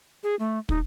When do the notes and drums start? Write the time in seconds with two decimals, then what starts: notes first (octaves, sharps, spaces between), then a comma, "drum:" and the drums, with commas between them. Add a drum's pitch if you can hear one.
0.23 G#4
0.39 A3
0.69 D#4, drum: kick